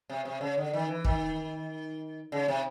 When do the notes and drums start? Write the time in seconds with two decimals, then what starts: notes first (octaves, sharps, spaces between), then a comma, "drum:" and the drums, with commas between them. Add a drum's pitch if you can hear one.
0.10 C3
0.25 C3
0.41 C#3
0.58 D3
0.73 D#3
0.88 E3
1.05 D#3, drum: kick
2.32 C#3
2.48 C3